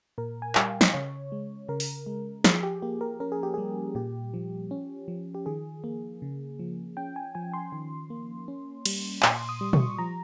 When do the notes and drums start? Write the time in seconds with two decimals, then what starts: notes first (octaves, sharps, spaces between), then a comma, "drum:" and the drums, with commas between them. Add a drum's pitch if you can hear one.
0.18 A#2 A#4
0.42 G#5
0.55 G3 G5, drum: clap
0.68 F5
0.81 D#5, drum: snare
0.94 C#3 C#5
1.32 G#3
1.69 C#3 A#4
1.80 drum: open hi-hat
2.06 G#3
2.44 F3 G#4, drum: snare
2.63 G4
2.82 A#3 G4
3.01 A#4
3.20 C#4 A#4
3.32 G#4
3.43 G4
3.54 G3 G#4
3.95 A#2 G4
4.34 F3
4.71 C#4
5.08 F3
5.34 G4
5.46 D#3 G#4
5.84 A#3
6.22 C#3
6.59 F3
6.97 C#4 G5
7.16 G#5
7.35 F3 G#5
7.53 C6
7.72 D#3
8.10 A#3
8.48 C#4
8.86 G3, drum: cymbal
9.23 A#2 C6, drum: clap
9.49 D#6
9.61 G3
9.73 C#6, drum: tom
9.98 F3 A#5